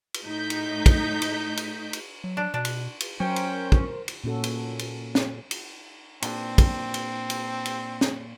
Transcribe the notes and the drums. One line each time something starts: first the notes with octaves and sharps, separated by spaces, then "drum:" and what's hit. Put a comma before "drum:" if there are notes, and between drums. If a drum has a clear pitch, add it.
drum: cymbal
A2 D#4 G6 B6
drum: cymbal
drum: kick, cymbal
drum: cymbal
drum: cymbal
drum: cymbal
F#3
D4
B2 D4
drum: cymbal
drum: cymbal
F#3 C#4 A#4 C5 G5
drum: cymbal
drum: kick
drum: cymbal
A#2 C#4 F#4 A4
drum: cymbal
drum: cymbal
drum: snare
drum: cymbal
A#2 C4 D4, drum: cymbal
drum: kick, cymbal
drum: cymbal
drum: cymbal
drum: cymbal
drum: snare